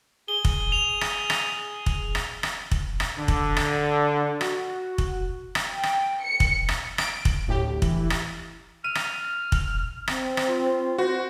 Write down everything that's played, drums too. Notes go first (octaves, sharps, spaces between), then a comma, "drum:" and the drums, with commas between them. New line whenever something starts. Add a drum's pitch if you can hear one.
G#4 G7
drum: kick
F7
drum: rim click
drum: rim click
drum: kick
drum: rim click
drum: rim click
drum: kick
drum: rim click
D3
drum: kick
drum: rim click
F#4, drum: rim click
drum: kick
drum: rim click
G5
drum: rim click
C#7
drum: kick
drum: rim click
D7, drum: rim click
drum: kick
D2 A2 G4
E3, drum: kick
drum: rim click
F6 D#7
drum: rim click
drum: kick
C4, drum: rim click
drum: rim click
F4
F#4 C5